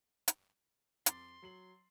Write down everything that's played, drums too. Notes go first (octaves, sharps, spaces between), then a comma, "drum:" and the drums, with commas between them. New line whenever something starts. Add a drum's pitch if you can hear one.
drum: hi-hat
F2 C6 D6 A6, drum: hi-hat
F#3 C7 F#7